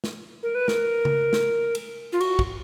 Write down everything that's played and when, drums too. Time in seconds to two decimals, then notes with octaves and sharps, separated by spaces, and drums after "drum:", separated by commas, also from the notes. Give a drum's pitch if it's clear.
0.04 drum: snare
0.43 A#4
0.55 B4
0.68 A#4, drum: snare
1.05 drum: tom C#3
1.33 drum: snare
1.75 drum: cymbal
2.12 F4
2.20 F#4, drum: cymbal
2.39 drum: kick